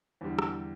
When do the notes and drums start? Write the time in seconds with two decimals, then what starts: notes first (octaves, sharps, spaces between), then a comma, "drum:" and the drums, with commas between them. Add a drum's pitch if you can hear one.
0.21 E2 D3 G3
0.39 drum: rim click